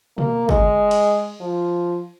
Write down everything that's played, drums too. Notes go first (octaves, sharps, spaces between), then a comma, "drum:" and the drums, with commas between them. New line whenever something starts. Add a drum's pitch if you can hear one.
A#3, drum: tom B2
G#3, drum: kick
drum: cymbal
F3